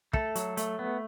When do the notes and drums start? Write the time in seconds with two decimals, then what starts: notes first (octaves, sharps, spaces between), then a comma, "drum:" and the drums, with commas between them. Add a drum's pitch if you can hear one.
0.13 A3 A4, drum: kick
0.35 F#3, drum: hi-hat
0.57 A3, drum: hi-hat
0.79 B3